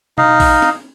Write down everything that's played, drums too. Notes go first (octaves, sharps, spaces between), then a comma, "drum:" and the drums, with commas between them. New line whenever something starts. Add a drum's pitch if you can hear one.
D#4 D#5 F5, drum: tom B2
drum: kick A#1, open hi-hat
drum: snare